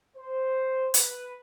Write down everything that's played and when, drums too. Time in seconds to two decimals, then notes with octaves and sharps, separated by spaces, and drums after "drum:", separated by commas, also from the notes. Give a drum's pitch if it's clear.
0.16 C5
0.94 B4, drum: hi-hat